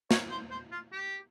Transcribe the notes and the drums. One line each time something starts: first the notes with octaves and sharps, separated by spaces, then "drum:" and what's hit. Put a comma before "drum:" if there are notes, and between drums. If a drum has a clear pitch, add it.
C#5, drum: snare
C5
C5
F4
G4